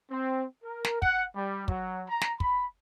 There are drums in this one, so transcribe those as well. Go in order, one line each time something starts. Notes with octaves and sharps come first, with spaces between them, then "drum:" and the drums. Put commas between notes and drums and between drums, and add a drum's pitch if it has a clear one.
C4
A#4
drum: snare
F#5, drum: kick
G3
F#3, drum: kick
A#5
drum: snare
B5, drum: kick